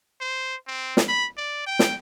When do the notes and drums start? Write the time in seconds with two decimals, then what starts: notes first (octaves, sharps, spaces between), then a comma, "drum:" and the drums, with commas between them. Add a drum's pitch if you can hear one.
0.21 C5
0.67 C4
0.97 drum: snare
1.08 B5
1.37 D5
1.67 G5
1.79 drum: snare